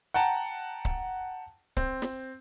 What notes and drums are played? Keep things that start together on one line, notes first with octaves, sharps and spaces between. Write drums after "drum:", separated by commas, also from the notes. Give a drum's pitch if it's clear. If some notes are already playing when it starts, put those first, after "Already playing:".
F#5 G5 A5 A#5
drum: kick C#1
C4, drum: kick C#1
drum: snare